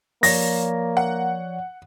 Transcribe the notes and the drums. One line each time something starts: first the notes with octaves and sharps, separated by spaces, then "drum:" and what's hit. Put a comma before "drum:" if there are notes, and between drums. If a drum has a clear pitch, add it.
F3 A#3 C#5 D5 A#6, drum: open hi-hat
F#5